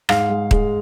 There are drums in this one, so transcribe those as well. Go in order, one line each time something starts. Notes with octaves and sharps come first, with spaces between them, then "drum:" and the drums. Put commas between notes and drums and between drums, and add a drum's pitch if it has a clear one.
G#2 F5, drum: rim click
G#3
G#3, drum: kick D#1